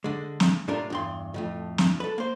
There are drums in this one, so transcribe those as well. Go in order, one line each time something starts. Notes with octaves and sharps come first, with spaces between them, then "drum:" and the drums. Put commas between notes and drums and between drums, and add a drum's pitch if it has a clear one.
D3 G#3
drum: snare
A2 G3 D4 F4 A#4
E2 G2 C6
F2 A2 D#3
drum: snare
A4 B4
A#3 C5